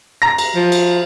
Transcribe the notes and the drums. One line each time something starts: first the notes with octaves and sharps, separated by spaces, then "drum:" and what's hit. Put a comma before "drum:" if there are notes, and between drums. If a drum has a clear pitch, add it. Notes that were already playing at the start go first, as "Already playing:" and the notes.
A#5 A#6
drum: cymbal
F3
drum: cymbal